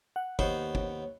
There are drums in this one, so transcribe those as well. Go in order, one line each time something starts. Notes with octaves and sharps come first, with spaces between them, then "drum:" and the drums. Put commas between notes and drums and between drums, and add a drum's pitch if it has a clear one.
F#5
D#2 B3 C5 C#5, drum: kick
drum: kick